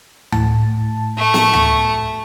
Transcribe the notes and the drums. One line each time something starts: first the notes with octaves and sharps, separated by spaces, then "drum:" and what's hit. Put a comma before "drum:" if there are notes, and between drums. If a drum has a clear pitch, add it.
A2 A5, drum: tom D2
A3 C#6
drum: snare
drum: tom D2